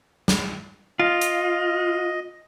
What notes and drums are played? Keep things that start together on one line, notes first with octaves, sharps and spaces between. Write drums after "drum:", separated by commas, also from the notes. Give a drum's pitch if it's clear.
drum: snare
F4 D#5
drum: hi-hat